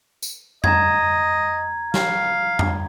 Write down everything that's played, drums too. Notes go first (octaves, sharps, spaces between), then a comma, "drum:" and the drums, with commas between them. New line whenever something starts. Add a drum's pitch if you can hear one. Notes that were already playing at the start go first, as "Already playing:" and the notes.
drum: tambourine
D#5 A#5 G#6, drum: tom F2
F5, drum: snare
drum: tom F2